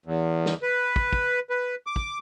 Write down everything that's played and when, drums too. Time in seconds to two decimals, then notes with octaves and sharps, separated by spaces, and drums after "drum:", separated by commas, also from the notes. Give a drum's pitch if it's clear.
0.06 E2
0.46 drum: snare
0.63 B4
0.96 drum: kick
1.13 drum: kick
1.50 B4
1.87 D6
1.96 drum: kick